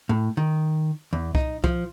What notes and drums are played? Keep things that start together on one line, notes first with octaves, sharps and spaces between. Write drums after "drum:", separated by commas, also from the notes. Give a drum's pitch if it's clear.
A2
D#3
E2
D#4, drum: kick C2
F3, drum: kick C2